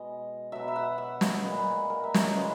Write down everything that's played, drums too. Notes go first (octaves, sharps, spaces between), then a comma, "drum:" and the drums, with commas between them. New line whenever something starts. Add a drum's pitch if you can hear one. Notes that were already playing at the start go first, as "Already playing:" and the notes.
Already playing: B2 G#3 D#5
B2 F#3 E5
E5
F#5
E5
D#5, drum: snare
A#2 G#3 B4
A#4
E5
D#5, drum: snare
C#5
C#3 E3 G#3 B4